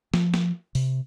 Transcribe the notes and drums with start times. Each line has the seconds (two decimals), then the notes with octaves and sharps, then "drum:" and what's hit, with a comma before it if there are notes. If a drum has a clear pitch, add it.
0.14 F3, drum: snare
0.34 drum: snare
0.75 C3, drum: open hi-hat